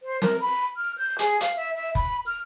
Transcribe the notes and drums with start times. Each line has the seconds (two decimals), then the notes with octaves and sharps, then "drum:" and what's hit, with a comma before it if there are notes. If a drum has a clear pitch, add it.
0.03 C5
0.22 A#4, drum: snare
0.41 B5
0.76 F6
0.98 G6
1.19 G#4, drum: hi-hat
1.41 F5, drum: hi-hat
1.56 E5
1.75 E5
1.95 B5, drum: kick F1
2.26 F6